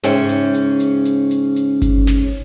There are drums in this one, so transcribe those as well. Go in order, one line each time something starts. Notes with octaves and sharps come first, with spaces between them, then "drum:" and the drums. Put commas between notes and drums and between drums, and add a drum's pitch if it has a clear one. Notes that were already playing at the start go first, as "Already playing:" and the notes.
G#2 C#3 C#4 E5 G5, drum: snare
drum: hi-hat
drum: hi-hat
drum: hi-hat
drum: hi-hat
drum: hi-hat
drum: hi-hat
drum: kick G1, hi-hat
drum: snare